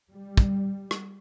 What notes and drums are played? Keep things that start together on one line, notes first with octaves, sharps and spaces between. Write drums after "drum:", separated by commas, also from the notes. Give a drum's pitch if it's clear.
G3
drum: kick
drum: rim click